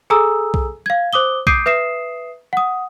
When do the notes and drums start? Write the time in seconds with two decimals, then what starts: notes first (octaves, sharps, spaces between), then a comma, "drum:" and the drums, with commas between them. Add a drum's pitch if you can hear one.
0.10 G#4 A4 G#5 A#5 D#6 E6
0.54 drum: kick B1
0.86 F5 G#6
1.13 C5 D6 D#6 G7
1.47 D6 D#6 G6 C7 D7 D#7, drum: kick B1
1.66 B4 E5 D#6 C7 E7
2.53 F#5 D#6